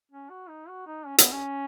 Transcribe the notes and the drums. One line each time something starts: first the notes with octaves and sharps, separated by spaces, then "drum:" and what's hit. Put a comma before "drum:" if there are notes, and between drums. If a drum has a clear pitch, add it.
C#4
F#4
D#4
F#4
D#4
C#4
B3, drum: hi-hat
C#4